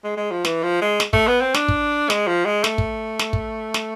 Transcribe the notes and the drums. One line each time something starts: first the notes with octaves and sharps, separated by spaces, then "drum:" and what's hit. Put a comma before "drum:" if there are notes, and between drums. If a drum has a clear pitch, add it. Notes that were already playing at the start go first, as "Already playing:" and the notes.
G#3
G#3
F3
E3, drum: snare
F3
G#3
drum: snare
A3, drum: kick
B3
C4
D4, drum: snare
drum: kick
G#3, drum: snare
F3
G#3
A3, drum: snare
drum: kick
drum: snare
drum: kick
drum: snare